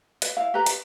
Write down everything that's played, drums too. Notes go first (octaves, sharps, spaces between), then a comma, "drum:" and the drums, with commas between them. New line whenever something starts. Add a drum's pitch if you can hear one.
B4, drum: hi-hat
E4 F5
G4 A4 B4 A#5
B4, drum: hi-hat